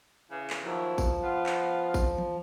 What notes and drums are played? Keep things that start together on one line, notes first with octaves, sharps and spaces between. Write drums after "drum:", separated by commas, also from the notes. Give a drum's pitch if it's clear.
C#3 E3
drum: clap
D#2 F3 F#3 E4
drum: kick A1, tambourine
B3 F4
drum: clap
drum: kick A1, tambourine
drum: tom